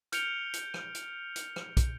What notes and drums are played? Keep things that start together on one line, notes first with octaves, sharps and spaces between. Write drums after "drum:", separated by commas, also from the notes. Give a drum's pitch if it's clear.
F6 G6 C#7 D7 F7 G7, drum: hi-hat
drum: hi-hat
drum: rim click
drum: hi-hat
drum: hi-hat
drum: rim click
drum: kick, hi-hat